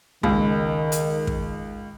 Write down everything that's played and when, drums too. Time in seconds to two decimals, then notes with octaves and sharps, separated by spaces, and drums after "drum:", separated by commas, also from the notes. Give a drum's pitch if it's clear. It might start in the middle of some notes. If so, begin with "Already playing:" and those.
0.23 C#2 D#3, drum: kick
0.92 drum: hi-hat
1.27 drum: kick